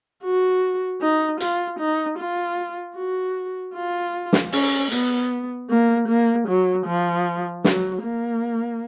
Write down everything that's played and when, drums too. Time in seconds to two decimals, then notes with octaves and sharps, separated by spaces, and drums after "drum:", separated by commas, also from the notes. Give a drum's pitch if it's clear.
0.24 F#4
1.01 D#4
1.40 F4, drum: hi-hat
1.79 D#4
2.18 F4
2.96 F#4
3.75 F4
4.33 drum: snare
4.52 C#4, drum: open hi-hat
4.92 B3, drum: hi-hat
5.70 A#3
6.08 A#3
6.48 F#3
6.86 F3
7.64 F#3, drum: snare
8.03 A#3